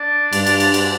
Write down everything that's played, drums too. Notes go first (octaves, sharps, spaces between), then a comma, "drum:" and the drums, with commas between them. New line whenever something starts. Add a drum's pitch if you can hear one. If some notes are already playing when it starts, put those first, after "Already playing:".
Already playing: D4
G2, drum: cymbal
drum: cymbal
drum: cymbal
drum: cymbal